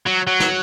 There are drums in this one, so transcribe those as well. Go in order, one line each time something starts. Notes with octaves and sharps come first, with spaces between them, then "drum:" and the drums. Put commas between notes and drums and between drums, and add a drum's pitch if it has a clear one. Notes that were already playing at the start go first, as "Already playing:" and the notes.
F#3
F#3
drum: snare